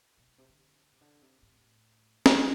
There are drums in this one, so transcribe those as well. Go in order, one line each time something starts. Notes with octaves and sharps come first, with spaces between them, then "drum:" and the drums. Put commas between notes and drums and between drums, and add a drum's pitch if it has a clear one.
A#2
A2
C3
D3
C3
D3
C3
A2
G2, drum: snare C#4